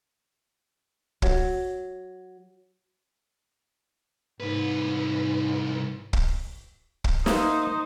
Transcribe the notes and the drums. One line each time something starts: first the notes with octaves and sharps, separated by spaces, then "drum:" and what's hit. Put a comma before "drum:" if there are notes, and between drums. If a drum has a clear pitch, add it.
F#3, drum: kick
C2 G#2 B4
drum: kick
drum: kick
A#3 D#4 C5 E5 D#6, drum: snare